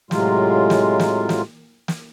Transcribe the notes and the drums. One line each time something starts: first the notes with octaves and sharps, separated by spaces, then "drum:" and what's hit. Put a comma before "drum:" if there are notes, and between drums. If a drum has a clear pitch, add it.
A2 C3 F#3 G#3 F4, drum: snare
drum: snare
drum: snare
drum: snare
drum: snare